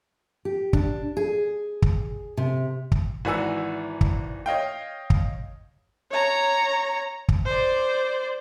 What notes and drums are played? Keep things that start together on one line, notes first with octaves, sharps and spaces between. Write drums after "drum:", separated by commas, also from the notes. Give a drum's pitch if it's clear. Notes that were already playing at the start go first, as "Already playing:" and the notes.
G4
D4, drum: kick
G#4
drum: kick
C3
drum: kick
G#1 E3 F#4 D5 G#5 E6
drum: kick
C#5 D#5 F5 G5
drum: kick
C#5 A#5
drum: kick
C5 D5